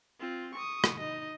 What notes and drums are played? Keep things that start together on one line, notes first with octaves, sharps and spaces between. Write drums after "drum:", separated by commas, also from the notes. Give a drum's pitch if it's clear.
C4 F4
C#6 D#6
drum: rim click
D#4 D#5